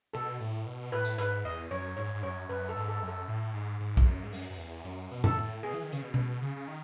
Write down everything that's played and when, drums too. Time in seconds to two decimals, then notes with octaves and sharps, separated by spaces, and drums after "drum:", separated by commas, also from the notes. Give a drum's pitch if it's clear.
0.14 B2 A4
0.40 A2
0.66 B2
0.92 A2 B4
1.05 drum: tambourine
1.18 G#2 B4, drum: hi-hat
1.45 E2 D#5
1.71 F#2 C#5
1.97 G#2 C#5
2.15 G#2
2.23 F#2 C#5
2.49 F#2 B4
2.69 A4
2.75 G#2
2.88 A4
3.02 F#2
3.08 A4
3.28 A2
3.54 G#2
3.80 G#2
3.97 E2, drum: kick
4.06 F#2
4.23 G#2
4.33 F#2, drum: open hi-hat
4.50 F#2
4.58 E2
4.84 F#2
5.11 B2
5.24 A4, drum: tom F#2
5.37 A2
5.63 B2 G#4
5.73 E3
5.83 D#3
5.92 C#3, drum: hi-hat
6.02 B2
6.14 drum: tom B2
6.41 C#3
6.56 C#3
6.68 D#3